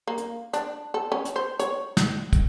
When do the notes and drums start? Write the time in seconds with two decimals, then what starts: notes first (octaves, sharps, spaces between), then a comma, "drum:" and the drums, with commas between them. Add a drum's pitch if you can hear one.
0.07 A#3
0.18 drum: hi-hat
0.53 D4, drum: hi-hat
0.94 A4
1.12 C#4
1.25 drum: hi-hat
1.36 C5
1.59 C#5, drum: hi-hat
1.97 drum: snare
2.33 drum: kick, hi-hat